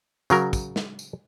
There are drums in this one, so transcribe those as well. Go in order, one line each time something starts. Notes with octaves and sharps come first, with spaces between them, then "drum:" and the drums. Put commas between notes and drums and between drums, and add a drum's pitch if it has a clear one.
C#3 F#3 A#4, drum: tambourine
drum: kick, tambourine
drum: snare
drum: tambourine